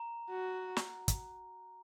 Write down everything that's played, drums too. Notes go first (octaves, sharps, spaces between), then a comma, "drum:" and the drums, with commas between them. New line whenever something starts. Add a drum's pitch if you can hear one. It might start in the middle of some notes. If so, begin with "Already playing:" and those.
Already playing: A#5
F#4
drum: snare
drum: kick, hi-hat